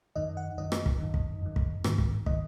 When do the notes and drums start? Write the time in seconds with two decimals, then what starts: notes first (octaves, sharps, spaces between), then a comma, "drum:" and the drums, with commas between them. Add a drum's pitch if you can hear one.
0.16 F#2 D#3 D#5
0.37 F#5
0.58 F#2 D#3 D#5
0.72 drum: rim click
0.86 drum: kick
1.00 F#2 D#3
1.14 drum: kick
1.42 F#2 D#3
1.56 drum: kick
1.84 G#2 D#3, drum: rim click
1.98 drum: kick
2.26 D#3 D#5, drum: kick